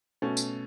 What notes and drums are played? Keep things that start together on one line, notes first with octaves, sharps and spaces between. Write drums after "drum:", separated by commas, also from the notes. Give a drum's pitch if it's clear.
B2 A3 C#4
drum: tambourine